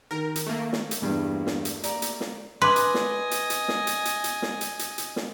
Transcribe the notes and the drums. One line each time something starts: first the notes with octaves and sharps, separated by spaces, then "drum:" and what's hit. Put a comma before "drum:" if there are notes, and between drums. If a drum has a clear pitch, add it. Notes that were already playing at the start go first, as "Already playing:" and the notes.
D#3 A#4
drum: hi-hat
A3 A#3
drum: snare
drum: hi-hat
E2 G2
drum: snare
drum: hi-hat
D5 A#5, drum: hi-hat
drum: hi-hat
drum: snare
B4 D#5 G#5 C6 D6
drum: hi-hat
drum: snare
drum: hi-hat
drum: hi-hat
drum: snare
drum: hi-hat
drum: hi-hat
drum: hi-hat
drum: snare
drum: hi-hat
drum: hi-hat
drum: hi-hat
drum: snare